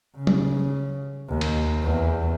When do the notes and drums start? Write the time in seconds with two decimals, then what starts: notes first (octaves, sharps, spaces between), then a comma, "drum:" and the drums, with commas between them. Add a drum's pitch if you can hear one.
0.16 C#3
0.27 drum: tom F#3
1.29 D#2
1.41 drum: cymbal
1.83 E2